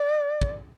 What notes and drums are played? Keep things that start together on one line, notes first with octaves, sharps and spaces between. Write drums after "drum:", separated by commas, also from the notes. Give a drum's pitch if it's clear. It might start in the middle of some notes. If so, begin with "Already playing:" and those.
Already playing: D5
drum: kick